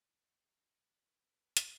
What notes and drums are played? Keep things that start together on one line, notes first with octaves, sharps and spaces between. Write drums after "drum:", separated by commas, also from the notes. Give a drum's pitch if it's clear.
A3 B3
D#4
B4
A5, drum: hi-hat